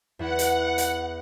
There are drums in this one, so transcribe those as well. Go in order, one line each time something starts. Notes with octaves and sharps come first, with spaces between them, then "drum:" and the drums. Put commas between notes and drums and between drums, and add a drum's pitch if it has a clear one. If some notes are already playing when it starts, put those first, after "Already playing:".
E2 E4 F#5
drum: hi-hat
drum: hi-hat